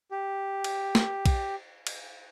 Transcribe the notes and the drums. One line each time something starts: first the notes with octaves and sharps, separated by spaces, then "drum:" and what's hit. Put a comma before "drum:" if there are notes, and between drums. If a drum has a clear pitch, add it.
G4
drum: cymbal
drum: snare
drum: kick, cymbal
drum: cymbal